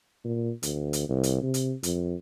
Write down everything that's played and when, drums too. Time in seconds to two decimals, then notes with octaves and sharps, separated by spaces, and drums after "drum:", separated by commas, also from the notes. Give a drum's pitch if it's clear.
0.24 A#2
0.63 D2, drum: hi-hat
0.93 drum: hi-hat
1.09 C2
1.23 drum: hi-hat
1.42 C3
1.54 drum: hi-hat
1.83 F2, drum: hi-hat